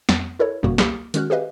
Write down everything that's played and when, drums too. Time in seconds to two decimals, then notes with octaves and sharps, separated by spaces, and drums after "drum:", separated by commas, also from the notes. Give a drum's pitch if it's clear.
0.09 F2 B3 A6, drum: snare
0.39 E4 A4 A#4 C#5
0.63 G1 F#2 B2 G3 A#3 F#4
0.78 C#2 A#3 G4 B5 D6 F6, drum: snare
1.14 D#3 G#3 C#4 F#4 F6 F#6, drum: hi-hat
1.30 G4 G#4 B4 D#5 F5